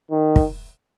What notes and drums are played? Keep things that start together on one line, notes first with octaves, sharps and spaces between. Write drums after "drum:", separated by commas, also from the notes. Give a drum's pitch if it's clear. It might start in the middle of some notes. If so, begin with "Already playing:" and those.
D#3
drum: kick